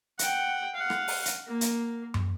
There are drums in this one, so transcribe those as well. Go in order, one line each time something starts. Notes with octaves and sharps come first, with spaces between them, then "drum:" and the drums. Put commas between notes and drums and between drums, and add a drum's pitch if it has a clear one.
F#5 G5, drum: hi-hat
F5 F#5
drum: rim click
drum: open hi-hat
drum: hi-hat
A#3
drum: hi-hat
drum: tom F#2